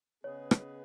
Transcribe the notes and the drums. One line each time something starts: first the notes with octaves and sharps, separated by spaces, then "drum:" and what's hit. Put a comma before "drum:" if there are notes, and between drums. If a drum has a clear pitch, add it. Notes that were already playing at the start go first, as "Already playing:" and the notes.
C#3 B3 G#4 B4 C#5 D#5
drum: rim click